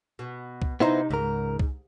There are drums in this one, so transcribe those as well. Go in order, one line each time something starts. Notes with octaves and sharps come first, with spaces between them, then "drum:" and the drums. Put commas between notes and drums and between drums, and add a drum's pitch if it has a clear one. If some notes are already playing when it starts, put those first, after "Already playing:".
B2
drum: kick C2
C3 B3 D#4 E4 C5
C#2 G#2 A#4
drum: kick C2